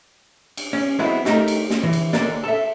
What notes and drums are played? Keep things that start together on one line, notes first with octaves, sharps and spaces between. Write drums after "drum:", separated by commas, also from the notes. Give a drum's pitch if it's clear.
drum: cymbal
C#4
F#3 G#3 B3 C4 E4
A3 D#4 F4 G4 A#4, drum: snare
drum: cymbal
drum: snare
E3
drum: cymbal
D#2 D3 A#3 D4 A#4 D5, drum: snare
A4 E5